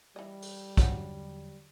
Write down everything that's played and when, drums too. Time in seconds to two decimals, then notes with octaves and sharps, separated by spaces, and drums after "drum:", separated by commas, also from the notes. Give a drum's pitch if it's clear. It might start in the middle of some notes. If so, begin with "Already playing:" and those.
0.16 E3 G3 D#5
0.42 drum: open hi-hat
0.77 E2 D3 F#3 C#4 F#5, drum: kick, hi-hat